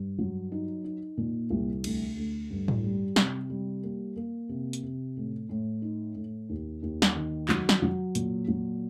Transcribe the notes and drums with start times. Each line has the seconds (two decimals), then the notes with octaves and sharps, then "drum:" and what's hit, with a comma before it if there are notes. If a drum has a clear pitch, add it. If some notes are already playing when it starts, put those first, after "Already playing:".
Already playing: G2
0.18 F#3
0.52 D#4
0.84 D#4
1.17 A#2
1.50 C2
1.84 D2, drum: cymbal
2.17 D2
2.50 G2
2.68 drum: tom A2
2.84 G3
3.16 C3, drum: snare
3.50 G3
3.83 A#3
4.16 A#3
4.49 C3
4.73 drum: hi-hat
4.83 C3
5.17 A2
5.49 A2
5.82 D#4
6.15 A2
6.49 D#2
6.82 D#2
7.02 drum: snare
7.15 D#3
7.49 F#3, drum: clap
7.69 drum: snare
7.82 F#3
8.15 A#2, drum: hi-hat
8.48 F#3